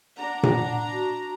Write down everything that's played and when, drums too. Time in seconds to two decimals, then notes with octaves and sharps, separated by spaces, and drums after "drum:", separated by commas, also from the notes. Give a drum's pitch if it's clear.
0.18 D4 F#5 A#5
0.43 drum: tom A#2
0.91 F#4